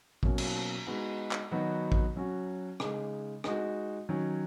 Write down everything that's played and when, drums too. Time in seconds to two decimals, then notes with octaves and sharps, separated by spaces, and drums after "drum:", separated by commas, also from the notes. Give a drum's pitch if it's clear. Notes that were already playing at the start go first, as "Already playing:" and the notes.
0.23 B2 F#3 A#3 C#4, drum: kick A1
0.38 drum: cymbal
0.87 G#3 B3 D#4 F#4
1.31 drum: clap
1.51 D#3 F#3 B3 D#4 F#4
1.92 drum: kick A1
2.16 F#3 C#4 F#4
2.80 C#3 G#3 D#4, drum: rim click
3.44 G#3 D#4 F#4, drum: rim click
4.09 D#3 F#3 C#4